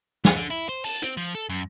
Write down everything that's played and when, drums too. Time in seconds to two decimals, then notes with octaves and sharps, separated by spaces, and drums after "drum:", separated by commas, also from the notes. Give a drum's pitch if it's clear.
0.25 B3, drum: snare
0.37 D3
0.50 E4
0.69 C5
0.85 A5, drum: open hi-hat
1.02 C4, drum: hi-hat
1.17 F3
1.35 A4
1.49 F#2